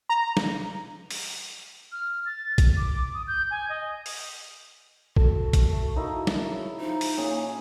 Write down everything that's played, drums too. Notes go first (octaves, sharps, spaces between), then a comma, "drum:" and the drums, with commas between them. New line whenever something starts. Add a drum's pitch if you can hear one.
A#5
drum: snare
drum: open hi-hat
F6
A6
drum: kick A#1, hi-hat
D6
D#6
G6
G#5
D#5
drum: open hi-hat
F#4 A4, drum: kick A#1
drum: kick A#1, hi-hat
A3
A#3 D#4 E4 A4
drum: snare
C#3
F3 D#4
drum: open hi-hat
A#2 C#4 G#4 G#5